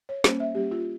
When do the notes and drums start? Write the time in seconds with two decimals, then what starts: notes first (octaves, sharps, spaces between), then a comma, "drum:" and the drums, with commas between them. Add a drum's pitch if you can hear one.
0.09 C#5
0.24 G3 A#3 C#4 C5, drum: snare
0.40 E5
0.55 G3 A#3 C#4 G4
0.71 F4